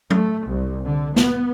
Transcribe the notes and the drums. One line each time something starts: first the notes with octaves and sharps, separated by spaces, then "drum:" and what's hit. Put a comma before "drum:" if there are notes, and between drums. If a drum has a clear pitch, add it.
A3, drum: tom F#3
C2
D3
B3, drum: snare